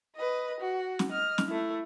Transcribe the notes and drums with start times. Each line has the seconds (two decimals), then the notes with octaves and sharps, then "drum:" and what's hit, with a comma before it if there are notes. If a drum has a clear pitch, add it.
0.16 B4 D#5
0.60 F#4
0.99 drum: snare
1.10 D#5 F6
1.38 drum: snare
1.48 A3 E4